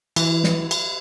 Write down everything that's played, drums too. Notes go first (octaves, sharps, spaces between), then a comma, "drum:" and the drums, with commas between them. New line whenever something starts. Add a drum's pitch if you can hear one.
E3, drum: cymbal
drum: snare
drum: cymbal